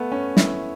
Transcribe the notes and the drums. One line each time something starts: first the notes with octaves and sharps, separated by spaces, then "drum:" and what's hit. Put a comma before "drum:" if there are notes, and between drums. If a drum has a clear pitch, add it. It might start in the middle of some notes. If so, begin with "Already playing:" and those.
Already playing: A3 B3
C#4
E4, drum: snare